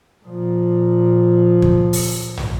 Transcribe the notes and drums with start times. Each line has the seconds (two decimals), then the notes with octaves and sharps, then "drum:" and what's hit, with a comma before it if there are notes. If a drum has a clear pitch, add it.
0.24 A#2 F3
1.62 drum: kick
1.93 drum: open hi-hat
2.37 drum: tom